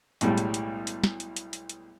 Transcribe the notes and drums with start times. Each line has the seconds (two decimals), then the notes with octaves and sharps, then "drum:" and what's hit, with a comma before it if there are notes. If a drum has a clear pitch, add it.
0.21 B1 A2 G3 G#3, drum: hi-hat
0.38 drum: hi-hat
0.54 drum: hi-hat
0.87 drum: hi-hat
1.04 drum: snare
1.20 drum: hi-hat
1.36 drum: hi-hat
1.53 drum: hi-hat
1.69 drum: hi-hat